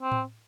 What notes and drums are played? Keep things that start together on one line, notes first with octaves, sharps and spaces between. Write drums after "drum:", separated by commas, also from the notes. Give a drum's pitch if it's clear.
C4
drum: tom A2